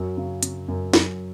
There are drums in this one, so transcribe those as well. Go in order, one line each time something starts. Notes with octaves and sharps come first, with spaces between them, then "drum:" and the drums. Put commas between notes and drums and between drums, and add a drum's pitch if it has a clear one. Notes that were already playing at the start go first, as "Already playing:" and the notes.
Already playing: F#2 F#3
C#3
C#3, drum: hi-hat
F#2
F#2, drum: snare